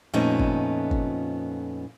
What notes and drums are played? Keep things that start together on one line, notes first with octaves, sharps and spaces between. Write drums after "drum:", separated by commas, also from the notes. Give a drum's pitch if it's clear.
F2 A#2 A3 B3 C#4 D#4
drum: kick
drum: kick